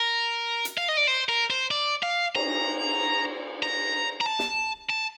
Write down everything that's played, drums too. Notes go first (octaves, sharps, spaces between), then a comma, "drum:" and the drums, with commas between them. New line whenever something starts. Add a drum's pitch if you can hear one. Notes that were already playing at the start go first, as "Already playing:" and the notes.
Already playing: A#4
drum: hi-hat
F5
D#5
D5
C5
A#4
C5
D5
F5
A#5, drum: cymbal
A#5
A#5
A5
drum: snare
A5